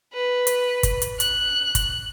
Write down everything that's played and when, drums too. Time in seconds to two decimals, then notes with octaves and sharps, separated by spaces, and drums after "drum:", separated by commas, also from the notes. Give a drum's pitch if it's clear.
0.13 B4
0.47 drum: hi-hat
0.83 drum: kick, hi-hat
1.02 drum: hi-hat
1.20 F#6, drum: hi-hat
1.75 drum: kick, hi-hat